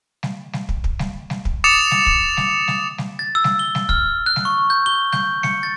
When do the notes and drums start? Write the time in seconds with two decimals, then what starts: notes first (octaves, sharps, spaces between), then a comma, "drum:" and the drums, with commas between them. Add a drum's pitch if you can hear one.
0.23 drum: snare G3
0.53 drum: snare G3
0.69 drum: kick
0.84 drum: kick
0.99 drum: snare G3
1.30 drum: snare G3
1.45 drum: kick
1.64 D6 D#6 A6 C#7 E7 F7
1.91 drum: snare G3
2.06 drum: kick
2.37 drum: snare G3
2.68 drum: snare G3
2.98 drum: snare G3
3.19 A6
3.35 E6
3.44 drum: snare G3
3.59 G7
3.75 drum: snare G3
3.89 F6, drum: kick
4.26 F#6
4.36 drum: snare G3
4.45 C#6
4.70 G6
4.86 G7
5.13 G6, drum: snare G3
5.43 C#7, drum: snare G3
5.63 A6